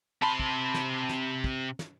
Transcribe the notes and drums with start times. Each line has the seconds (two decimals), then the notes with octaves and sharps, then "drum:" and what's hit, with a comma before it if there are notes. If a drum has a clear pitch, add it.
0.22 C3 A5 B5 C6
0.40 drum: kick
0.74 drum: snare
1.09 drum: snare
1.44 drum: kick
1.79 drum: snare